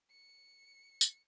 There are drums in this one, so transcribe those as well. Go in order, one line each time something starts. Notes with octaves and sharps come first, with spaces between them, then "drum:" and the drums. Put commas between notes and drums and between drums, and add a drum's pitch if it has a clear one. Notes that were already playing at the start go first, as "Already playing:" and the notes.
C#7
drum: tambourine